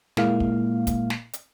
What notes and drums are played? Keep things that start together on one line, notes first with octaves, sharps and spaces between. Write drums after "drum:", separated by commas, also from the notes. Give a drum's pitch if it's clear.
A#2 G#3 A#3 E4 F5, drum: snare
drum: kick
drum: kick, hi-hat
drum: snare
drum: hi-hat